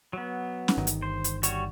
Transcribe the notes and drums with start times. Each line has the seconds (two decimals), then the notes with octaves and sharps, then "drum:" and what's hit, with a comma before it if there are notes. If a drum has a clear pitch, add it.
0.13 F#3 B3
0.68 drum: snare C#4
0.78 G1 D#3
0.87 drum: hi-hat
1.02 C5
1.24 drum: hi-hat
1.43 G3 F#4 C#5, drum: hi-hat